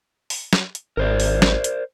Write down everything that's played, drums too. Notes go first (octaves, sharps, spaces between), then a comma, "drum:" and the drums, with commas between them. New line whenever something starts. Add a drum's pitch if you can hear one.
drum: open hi-hat
drum: snare
drum: hi-hat
G#1 A#4 C5 D5
drum: open hi-hat
drum: snare
drum: hi-hat